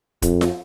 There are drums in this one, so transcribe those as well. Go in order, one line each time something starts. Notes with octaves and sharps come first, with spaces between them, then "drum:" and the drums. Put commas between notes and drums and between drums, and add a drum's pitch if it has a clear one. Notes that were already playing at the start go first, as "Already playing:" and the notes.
F2, drum: kick, hi-hat
drum: snare F4